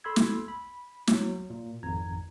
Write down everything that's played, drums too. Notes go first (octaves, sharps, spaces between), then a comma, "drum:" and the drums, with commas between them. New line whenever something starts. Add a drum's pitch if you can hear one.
A4 B5 C6 E6 G#6
drum: snare
B5
F#3, drum: snare
A#2
G#1 F2 A#5 G#6